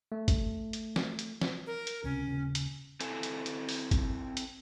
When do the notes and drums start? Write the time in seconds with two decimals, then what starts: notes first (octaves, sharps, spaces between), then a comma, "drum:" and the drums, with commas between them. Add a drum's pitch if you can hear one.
0.12 A3
0.28 drum: kick, hi-hat
0.73 drum: hi-hat
0.96 drum: snare
1.19 drum: hi-hat
1.41 drum: snare
1.66 A#4
1.87 drum: hi-hat
2.04 C#2 C3 C#4
2.27 D#1 C#3
2.55 drum: hi-hat
3.01 C4 E4 A4 G#5, drum: hi-hat
3.23 drum: hi-hat
3.46 drum: hi-hat
3.69 drum: open hi-hat
3.91 drum: kick, hi-hat
4.37 drum: hi-hat